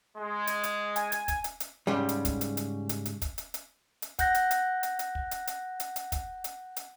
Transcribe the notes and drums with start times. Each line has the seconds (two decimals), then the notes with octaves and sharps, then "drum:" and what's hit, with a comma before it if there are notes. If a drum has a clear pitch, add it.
0.17 G#3
0.47 drum: hi-hat
0.63 drum: hi-hat
0.96 G#5, drum: hi-hat
1.12 drum: hi-hat
1.28 drum: kick, hi-hat
1.44 drum: hi-hat
1.60 drum: hi-hat
1.87 G#2 C#3 G3
2.09 drum: hi-hat
2.25 drum: kick, hi-hat
2.41 drum: hi-hat
2.57 drum: hi-hat
2.89 drum: hi-hat
3.05 drum: hi-hat
3.22 drum: kick, hi-hat
3.38 drum: hi-hat
3.54 drum: hi-hat
4.02 drum: hi-hat
4.19 F#5 F#6 G6 A#6, drum: kick, hi-hat
4.35 drum: hi-hat
4.51 drum: hi-hat
4.83 drum: hi-hat
4.99 drum: hi-hat
5.15 drum: kick
5.31 drum: hi-hat
5.47 drum: hi-hat
5.80 drum: hi-hat
5.96 drum: hi-hat
6.12 drum: kick, hi-hat
6.44 drum: hi-hat
6.76 drum: hi-hat